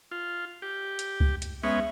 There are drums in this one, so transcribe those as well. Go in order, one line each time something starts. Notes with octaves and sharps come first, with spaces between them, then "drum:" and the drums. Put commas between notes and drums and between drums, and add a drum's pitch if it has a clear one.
F4
G4
drum: hi-hat
drum: kick C2
drum: hi-hat
G#3 B3 C#4 E5